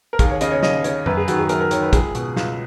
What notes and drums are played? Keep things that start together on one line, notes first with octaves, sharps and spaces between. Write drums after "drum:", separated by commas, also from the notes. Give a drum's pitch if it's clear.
A#4
D#2 G#4, drum: kick, hi-hat
C#5
C#3 D#5, drum: hi-hat
C#5
D#2 D#5, drum: snare
C#3 C#5, drum: hi-hat
F#2 B4, drum: tom F2
G#4
D#3 F#4, drum: hi-hat
G#4
F#2 A#4, drum: hi-hat
A#4
D#3 C#5, drum: hi-hat
B4
C#2 G#4, drum: kick, hi-hat
B2, drum: hi-hat
C#2, drum: snare